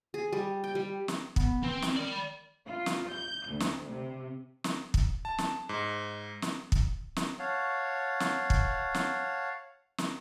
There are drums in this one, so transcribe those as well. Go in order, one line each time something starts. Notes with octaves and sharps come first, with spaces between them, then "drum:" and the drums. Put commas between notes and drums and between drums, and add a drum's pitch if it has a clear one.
G#4
G3
G5
G3
drum: snare
B3, drum: kick
E3 C4
drum: snare
D#3 D5 B5
F4
drum: snare
G6
D2
drum: snare
C3
drum: snare
drum: kick
A5
drum: snare
G#2
drum: snare
drum: kick
drum: snare
C#5 F5 F#5 A5
drum: snare
drum: kick
drum: snare
drum: snare